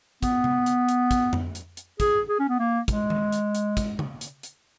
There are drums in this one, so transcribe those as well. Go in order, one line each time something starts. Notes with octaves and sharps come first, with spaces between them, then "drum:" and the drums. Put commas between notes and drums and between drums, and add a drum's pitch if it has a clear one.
B3, drum: kick, hi-hat
drum: tom C3
drum: hi-hat
drum: hi-hat
drum: kick, hi-hat
drum: tom F2
drum: hi-hat
drum: hi-hat
G#4, drum: kick, hi-hat
G#4
C#4
B3
A#3
G#3, drum: kick, hi-hat
drum: tom
drum: hi-hat
drum: hi-hat
drum: kick, hi-hat
drum: tom C#3
drum: hi-hat
drum: hi-hat